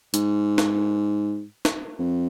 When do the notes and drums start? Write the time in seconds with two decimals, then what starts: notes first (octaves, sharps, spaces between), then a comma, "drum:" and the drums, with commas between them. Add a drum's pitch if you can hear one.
0.14 G#2, drum: hi-hat
0.58 drum: snare
1.65 drum: snare
1.99 F2